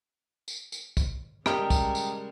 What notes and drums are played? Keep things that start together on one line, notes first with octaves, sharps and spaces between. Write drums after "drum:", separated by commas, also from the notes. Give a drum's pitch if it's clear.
drum: tambourine
drum: tambourine
drum: kick, tambourine
C#3 G3 G#3 G4 A4 A#4 D#5 G5, drum: rim click
drum: kick, tambourine
drum: tambourine